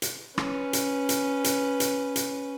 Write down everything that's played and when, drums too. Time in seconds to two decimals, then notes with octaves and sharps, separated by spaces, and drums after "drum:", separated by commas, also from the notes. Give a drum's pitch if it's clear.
0.02 drum: hi-hat
0.38 C#4 B4, drum: rim click
0.73 drum: hi-hat
1.09 drum: hi-hat
1.44 drum: hi-hat
1.80 drum: hi-hat
2.16 drum: hi-hat